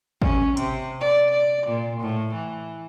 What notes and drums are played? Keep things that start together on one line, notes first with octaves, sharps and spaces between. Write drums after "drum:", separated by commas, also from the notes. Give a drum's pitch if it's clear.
C#4, drum: kick G#1
C3, drum: hi-hat
D5
D5
A#2
A2
E3